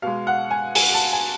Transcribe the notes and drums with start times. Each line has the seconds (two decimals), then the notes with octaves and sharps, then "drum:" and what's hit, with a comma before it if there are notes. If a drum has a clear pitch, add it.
0.02 B2 G#3 F5
0.27 F#5
0.51 G#5
0.75 G#5, drum: open hi-hat
0.94 A5
1.13 G#5